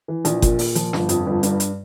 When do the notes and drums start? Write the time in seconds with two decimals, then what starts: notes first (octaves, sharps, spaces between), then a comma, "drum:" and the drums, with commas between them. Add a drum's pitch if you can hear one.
0.08 E3
0.25 A#1, drum: hi-hat
0.42 A#2, drum: kick F#1, hi-hat
0.59 A#2, drum: open hi-hat
0.75 F3, drum: hi-hat
0.93 G1, drum: snare
1.09 F2, drum: hi-hat
1.27 G1
1.43 G2, drum: hi-hat
1.60 drum: hi-hat